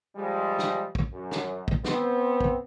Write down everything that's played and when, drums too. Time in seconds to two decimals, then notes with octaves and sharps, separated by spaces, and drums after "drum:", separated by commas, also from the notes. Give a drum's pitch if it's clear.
0.16 F3 G3 G#3
0.59 drum: snare
0.95 drum: kick
1.13 F#2
1.31 drum: snare
1.68 drum: kick
1.85 B3 C4, drum: snare
2.41 drum: kick